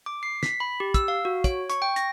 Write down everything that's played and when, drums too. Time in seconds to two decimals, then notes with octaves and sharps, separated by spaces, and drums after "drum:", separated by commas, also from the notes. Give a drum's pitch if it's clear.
0.06 D6
0.23 C7
0.43 B6, drum: snare
0.60 B5
0.80 G4
0.94 E6, drum: kick, hi-hat
1.08 F5
1.25 F#4
1.44 C#5, drum: kick, hi-hat
1.70 C#6, drum: hi-hat
1.82 G5
1.96 A#6, drum: hi-hat